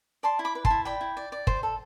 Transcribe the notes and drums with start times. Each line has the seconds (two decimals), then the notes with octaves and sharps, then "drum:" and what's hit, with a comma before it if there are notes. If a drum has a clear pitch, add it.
0.23 D5 A5 C6
0.39 E4
0.45 B5 D6
0.55 B4
0.65 A5 C6, drum: kick
0.70 E4
0.85 D5 G5 B5
1.01 E4
1.17 D5
1.32 D5
1.47 C5, drum: kick
1.63 A4